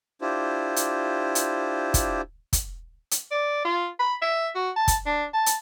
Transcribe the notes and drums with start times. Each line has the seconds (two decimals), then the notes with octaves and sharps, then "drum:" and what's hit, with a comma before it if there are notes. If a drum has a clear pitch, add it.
0.21 D4 E4 F4 G4 C5
0.76 drum: hi-hat
1.35 drum: hi-hat
1.94 drum: kick, hi-hat
2.53 drum: kick, hi-hat
3.11 drum: hi-hat
3.31 D5
3.65 F4
3.99 B5
4.22 E5
4.55 F#4
4.76 A5
4.88 drum: kick, hi-hat
5.06 D4
5.34 A5
5.46 drum: hi-hat